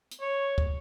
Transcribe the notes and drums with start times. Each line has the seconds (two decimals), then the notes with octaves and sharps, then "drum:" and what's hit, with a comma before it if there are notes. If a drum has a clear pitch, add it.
0.11 drum: hi-hat
0.21 C#5
0.58 drum: kick